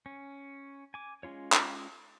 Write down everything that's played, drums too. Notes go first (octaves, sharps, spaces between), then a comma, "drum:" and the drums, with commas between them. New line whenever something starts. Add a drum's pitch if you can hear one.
C#4
G#5 D6
G#3 C#4 F4 C#5
drum: clap